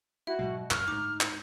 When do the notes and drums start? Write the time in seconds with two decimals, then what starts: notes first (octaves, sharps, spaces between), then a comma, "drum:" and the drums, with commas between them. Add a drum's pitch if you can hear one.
0.27 E4 F#4 E5
0.39 G#2 B2 F#3 G#3
0.71 F#2 C#3 C#6 F6 F#6, drum: clap
0.88 D2 G#2 D#4 D6
1.21 drum: clap